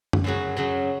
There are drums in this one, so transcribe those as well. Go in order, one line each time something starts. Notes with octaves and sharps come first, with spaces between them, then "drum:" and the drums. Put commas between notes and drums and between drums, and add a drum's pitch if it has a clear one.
drum: tom F#2
F#2 C#3 F#3 F#4
F#2 C#3 F#3